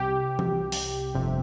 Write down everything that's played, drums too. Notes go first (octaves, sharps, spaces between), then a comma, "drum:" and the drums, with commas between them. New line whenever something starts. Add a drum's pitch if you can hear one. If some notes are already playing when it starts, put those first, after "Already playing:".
Already playing: C2 C3 G4
drum: tom E3
drum: open hi-hat
G1 F2 C3